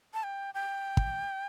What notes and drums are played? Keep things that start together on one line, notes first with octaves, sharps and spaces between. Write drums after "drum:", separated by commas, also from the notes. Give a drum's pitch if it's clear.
A5
G5
G5
drum: kick